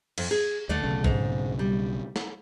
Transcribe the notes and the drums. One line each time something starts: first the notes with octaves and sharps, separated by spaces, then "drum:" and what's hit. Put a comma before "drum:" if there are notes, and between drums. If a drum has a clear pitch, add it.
F2, drum: cymbal
G#4
D#2 D3 A3 D5
B1 C#3
G#2, drum: kick A#1
G3
drum: snare